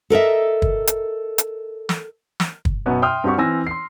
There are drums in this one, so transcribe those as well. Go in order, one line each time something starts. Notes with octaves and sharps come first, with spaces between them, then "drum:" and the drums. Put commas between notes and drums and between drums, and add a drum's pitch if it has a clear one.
A4 A#4 D#5 E5
drum: kick
drum: hi-hat
drum: hi-hat
drum: snare
drum: snare
drum: kick
F#2 B2 B3 F#4
E5 G5 C6 D#6 F6
G2 C4 F#4 G4 F#5 C#6
E3 C4 G#5 E6 A#6
C6 C7